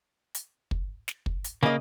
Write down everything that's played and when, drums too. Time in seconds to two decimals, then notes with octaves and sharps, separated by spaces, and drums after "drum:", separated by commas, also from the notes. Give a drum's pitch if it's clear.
0.35 drum: hi-hat
0.71 drum: kick
1.08 drum: snare
1.26 drum: kick
1.44 drum: hi-hat
1.63 C#3 A#3 D#5